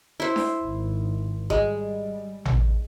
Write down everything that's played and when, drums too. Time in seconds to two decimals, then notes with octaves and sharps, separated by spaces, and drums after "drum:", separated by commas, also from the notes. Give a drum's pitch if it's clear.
0.20 E4 C5
0.36 drum: snare D4
0.63 G#1
1.50 G3 G#3, drum: kick G#1
2.45 drum: tom A1